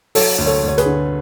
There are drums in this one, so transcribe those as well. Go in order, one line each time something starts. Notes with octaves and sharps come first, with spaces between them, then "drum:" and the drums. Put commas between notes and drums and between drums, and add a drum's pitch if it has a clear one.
F#3 A4 C#5, drum: open hi-hat
D2
A4 C#5
D2
C#5
G#4 B4, drum: hi-hat
D3